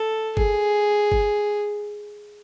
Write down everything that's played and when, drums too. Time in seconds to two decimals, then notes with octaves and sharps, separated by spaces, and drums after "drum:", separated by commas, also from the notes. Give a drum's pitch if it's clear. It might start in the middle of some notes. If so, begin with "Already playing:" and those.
Already playing: A4
0.37 G#4, drum: kick
1.12 drum: kick